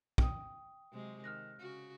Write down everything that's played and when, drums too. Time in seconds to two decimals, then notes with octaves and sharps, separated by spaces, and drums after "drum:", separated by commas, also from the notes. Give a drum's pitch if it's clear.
0.18 G5 D#6, drum: kick
0.92 C3 F#3 G#3
1.24 D#3 F6 F#6 A#6
1.60 C#3 F#4